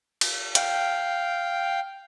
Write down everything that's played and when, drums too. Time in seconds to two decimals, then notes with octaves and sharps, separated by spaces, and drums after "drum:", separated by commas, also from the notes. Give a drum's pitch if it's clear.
0.21 drum: cymbal
0.55 F5 G5, drum: hi-hat